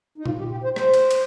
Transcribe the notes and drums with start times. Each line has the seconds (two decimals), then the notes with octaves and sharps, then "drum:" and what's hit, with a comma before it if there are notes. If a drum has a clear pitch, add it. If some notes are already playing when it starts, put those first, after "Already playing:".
0.18 D#4
0.26 F4, drum: tom A#2
0.39 G4
0.51 G4
0.64 C5
0.76 C5, drum: rim click
0.94 drum: cymbal
1.11 drum: cymbal